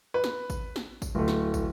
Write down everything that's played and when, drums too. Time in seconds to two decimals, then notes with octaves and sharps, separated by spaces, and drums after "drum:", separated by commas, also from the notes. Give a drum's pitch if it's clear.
0.14 B4
0.24 drum: snare
0.50 drum: kick, tambourine
0.76 drum: snare
1.02 drum: kick, tambourine
1.15 D1 A3
1.28 drum: snare
1.54 drum: kick, tambourine